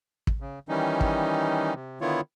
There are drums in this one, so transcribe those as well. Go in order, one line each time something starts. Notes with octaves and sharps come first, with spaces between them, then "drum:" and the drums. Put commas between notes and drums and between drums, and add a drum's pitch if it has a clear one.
drum: kick
C#3
D#3 E3 G3 C#4 D#4
drum: kick
C3
D3 D#3 B3 E4 F4 C#5